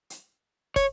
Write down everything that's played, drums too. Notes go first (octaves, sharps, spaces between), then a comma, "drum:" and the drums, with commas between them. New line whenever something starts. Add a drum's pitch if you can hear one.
drum: hi-hat
C#5, drum: kick, hi-hat